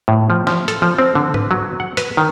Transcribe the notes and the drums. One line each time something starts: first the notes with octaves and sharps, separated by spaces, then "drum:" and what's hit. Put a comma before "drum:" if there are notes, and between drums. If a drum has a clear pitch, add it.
A2
F3
F3, drum: snare
A4, drum: hi-hat
F3
C4
D3
B4, drum: tom G#2
F#3
F#5
B4, drum: hi-hat
D#3